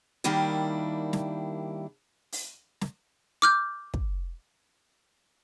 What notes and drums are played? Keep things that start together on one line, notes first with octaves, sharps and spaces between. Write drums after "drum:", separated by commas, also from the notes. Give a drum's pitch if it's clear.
D#3 G3 A#3 D4 E4
drum: snare
drum: open hi-hat
drum: snare
D6 F6 G6
drum: kick